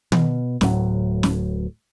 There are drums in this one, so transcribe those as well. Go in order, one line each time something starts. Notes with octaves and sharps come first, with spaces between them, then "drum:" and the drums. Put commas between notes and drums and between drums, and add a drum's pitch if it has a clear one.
B2, drum: tom
D1 A2 F#3, drum: snare
drum: snare